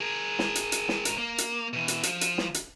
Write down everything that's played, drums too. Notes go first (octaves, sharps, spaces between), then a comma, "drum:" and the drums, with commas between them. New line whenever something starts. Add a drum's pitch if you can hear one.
G#4 A#4
drum: snare
drum: hi-hat
drum: hi-hat
drum: snare
G#2 A#4, drum: hi-hat
A#3
drum: hi-hat
B2 E3
drum: hi-hat
F3, drum: hi-hat
drum: hi-hat
drum: snare
drum: hi-hat